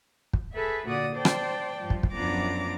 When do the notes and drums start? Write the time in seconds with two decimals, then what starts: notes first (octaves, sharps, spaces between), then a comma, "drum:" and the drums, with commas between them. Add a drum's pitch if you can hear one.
0.33 drum: kick
0.54 G#4 A4 B4 E5
0.86 A#2 D3 F#4 D5 D#6
1.16 C5 D5 G5 A5
1.25 drum: rim click
1.81 G2 F3
1.90 drum: kick
2.03 drum: kick
2.13 F#2 F3 B3 D4 A#5 D6